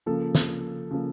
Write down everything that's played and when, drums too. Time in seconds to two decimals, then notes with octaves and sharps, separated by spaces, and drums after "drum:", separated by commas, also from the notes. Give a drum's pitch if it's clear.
0.06 C#3 F3 A#3 A4
0.35 drum: snare
0.91 C#3 F3 A#3